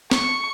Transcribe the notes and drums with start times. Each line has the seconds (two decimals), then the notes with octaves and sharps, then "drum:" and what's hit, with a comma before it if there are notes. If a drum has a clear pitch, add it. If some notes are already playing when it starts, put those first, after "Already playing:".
0.11 C#6, drum: snare